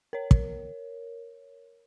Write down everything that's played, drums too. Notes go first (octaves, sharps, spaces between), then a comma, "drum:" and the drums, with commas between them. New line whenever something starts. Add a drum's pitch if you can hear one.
A#4 C#5
drum: kick